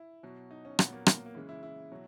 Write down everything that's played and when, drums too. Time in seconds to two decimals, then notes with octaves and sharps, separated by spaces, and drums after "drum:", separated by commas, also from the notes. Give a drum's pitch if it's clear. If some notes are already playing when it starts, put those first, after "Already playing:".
Already playing: E4
0.23 B2 F#3
0.51 D#4
0.65 C#4
0.79 A#2 F#3 B3, drum: rim click
0.92 A#3
1.06 A#3, drum: rim click
1.26 A#3
1.35 C#3 E3 G#3
1.49 E4
1.63 E4
1.92 B2 F#3